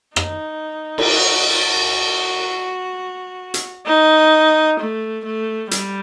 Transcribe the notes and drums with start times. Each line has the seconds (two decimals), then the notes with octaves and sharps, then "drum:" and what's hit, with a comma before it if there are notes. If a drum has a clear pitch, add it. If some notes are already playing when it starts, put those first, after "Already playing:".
0.16 D#4, drum: rim click
0.98 drum: cymbal
1.09 F#4
1.55 F#4
3.54 drum: hi-hat
3.86 D#4
4.80 A3
5.25 A3
5.71 G3, drum: hi-hat